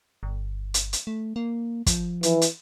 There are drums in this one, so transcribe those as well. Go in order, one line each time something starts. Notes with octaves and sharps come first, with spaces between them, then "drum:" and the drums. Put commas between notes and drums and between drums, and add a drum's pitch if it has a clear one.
G1
drum: hi-hat
drum: hi-hat
A3
A#3
F3, drum: kick, hi-hat
E3, drum: hi-hat
drum: hi-hat